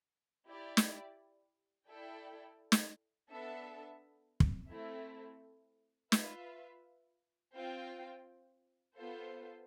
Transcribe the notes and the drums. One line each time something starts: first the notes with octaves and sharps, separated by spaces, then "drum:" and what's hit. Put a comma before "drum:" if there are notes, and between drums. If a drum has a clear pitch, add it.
E4 G4 D5
drum: snare
E4 A4 D5 G5
drum: snare
B3 D4 A4 E5 A5
drum: kick
A3 C4 E4
F4 B4 E5, drum: snare
C4 F4 C5 G5
B3 F4 A4 C5